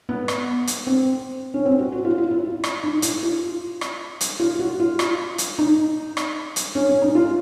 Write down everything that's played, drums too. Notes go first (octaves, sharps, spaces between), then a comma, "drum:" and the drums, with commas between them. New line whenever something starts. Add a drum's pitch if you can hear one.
B3
drum: rim click
drum: hi-hat
C4
C#4
C4
F#4
F#4
F4
F4
E4
drum: rim click
D#4
E4, drum: hi-hat
F4
drum: rim click
drum: hi-hat
F4
F#4
F4
drum: rim click
drum: hi-hat
D#4
drum: rim click
drum: hi-hat
C#4
C#4
D#4
F4